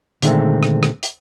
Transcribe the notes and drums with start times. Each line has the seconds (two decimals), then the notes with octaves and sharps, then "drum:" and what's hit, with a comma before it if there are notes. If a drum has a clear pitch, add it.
0.22 A#2 D3 D#3 G#3 A3 C4, drum: hi-hat
0.63 drum: rim click
0.83 drum: rim click
1.03 drum: hi-hat